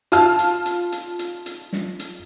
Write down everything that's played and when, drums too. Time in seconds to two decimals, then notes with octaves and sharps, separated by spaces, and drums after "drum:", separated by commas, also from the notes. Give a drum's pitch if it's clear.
0.12 F4 A5 F6, drum: hi-hat
0.39 drum: hi-hat
0.65 drum: hi-hat
0.92 drum: hi-hat
1.19 drum: hi-hat
1.46 drum: hi-hat
1.73 drum: snare
1.99 drum: hi-hat